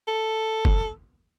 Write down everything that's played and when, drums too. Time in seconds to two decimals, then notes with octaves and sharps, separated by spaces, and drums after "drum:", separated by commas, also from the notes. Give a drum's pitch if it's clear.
0.07 A4
0.65 drum: kick